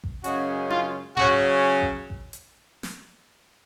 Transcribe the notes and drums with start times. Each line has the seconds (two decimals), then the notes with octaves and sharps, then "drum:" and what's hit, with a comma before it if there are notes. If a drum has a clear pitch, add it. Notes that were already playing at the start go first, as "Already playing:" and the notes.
0.04 drum: kick A1
0.24 F#2 C#3 G#3 C#4 F#4, drum: hi-hat
0.70 F4, drum: tom C#4
1.17 C#3 F#3 C#4 F#4, drum: tom G#2
1.82 drum: kick A1
2.10 drum: kick A1
2.33 drum: hi-hat
2.83 drum: snare